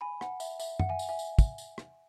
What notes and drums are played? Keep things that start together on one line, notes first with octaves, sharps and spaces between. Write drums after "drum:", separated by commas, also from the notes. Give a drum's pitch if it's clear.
G#5 B5
F#5, drum: rim click
E5, drum: tambourine
E5, drum: tambourine
F#5, drum: tom F#2
E5 G#5
drum: tambourine
E5 G#5
drum: tambourine
drum: kick, tambourine
drum: tambourine
drum: rim click